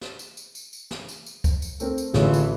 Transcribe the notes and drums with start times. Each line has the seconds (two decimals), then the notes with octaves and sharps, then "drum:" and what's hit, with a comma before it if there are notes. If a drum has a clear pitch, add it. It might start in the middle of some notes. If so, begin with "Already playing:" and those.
0.01 drum: snare
0.19 drum: tambourine
0.37 drum: tambourine
0.55 drum: tambourine
0.73 drum: tambourine
0.91 drum: snare
1.09 drum: tambourine
1.26 drum: tambourine
1.44 drum: kick C#2, tambourine
1.62 drum: tambourine
1.80 A3 C4 A#4, drum: tambourine
1.98 drum: tambourine
2.14 A1 A2 D3 E3 A3 F4 G#4 C#5, drum: snare
2.34 drum: tambourine